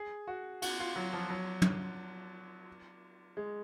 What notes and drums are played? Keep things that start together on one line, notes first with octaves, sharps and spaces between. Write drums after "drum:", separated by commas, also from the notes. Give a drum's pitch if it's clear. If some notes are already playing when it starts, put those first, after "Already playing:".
Already playing: G#4
F#4
F#4, drum: cymbal
F4
F#3
F3
F#3
drum: tom
G#3